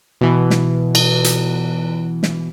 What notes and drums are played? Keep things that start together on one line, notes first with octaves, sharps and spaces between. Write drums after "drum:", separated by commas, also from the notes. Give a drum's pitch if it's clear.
B2 E3
drum: snare
drum: cymbal
drum: hi-hat
drum: snare